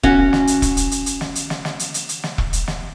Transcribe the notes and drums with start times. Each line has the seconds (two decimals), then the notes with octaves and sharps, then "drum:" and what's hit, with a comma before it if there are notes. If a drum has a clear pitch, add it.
0.03 C#4 F#4, drum: kick E1
0.33 drum: snare
0.47 drum: hi-hat
0.62 drum: kick E1, hi-hat
0.77 drum: hi-hat
0.91 drum: hi-hat
1.06 drum: hi-hat
1.21 drum: snare
1.35 drum: hi-hat
1.50 drum: snare
1.65 drum: snare
1.79 drum: hi-hat
1.94 drum: hi-hat
2.09 drum: hi-hat
2.24 drum: snare
2.38 drum: kick E1
2.53 drum: hi-hat
2.68 drum: snare